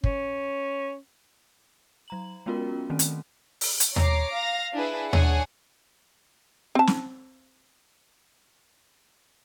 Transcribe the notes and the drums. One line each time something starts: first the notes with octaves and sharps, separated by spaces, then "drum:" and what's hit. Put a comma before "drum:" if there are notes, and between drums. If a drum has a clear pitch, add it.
C#4, drum: kick
F#3 A#5 F#7
G#3 B3 C#4 F4 F#4 A#4
D#3 A3 C4 C#4
drum: hi-hat
drum: open hi-hat
drum: hi-hat
C#5 A#5 D6 C7, drum: tom D#2
F5 A#6
D4 E4 G#4 B4
D4 G#4 C#5 F#5 G#5, drum: tom D#2
C4 A5
drum: snare